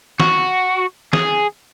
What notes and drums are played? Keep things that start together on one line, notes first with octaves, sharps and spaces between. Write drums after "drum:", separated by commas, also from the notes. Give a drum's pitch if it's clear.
F#4, drum: snare
G#4, drum: snare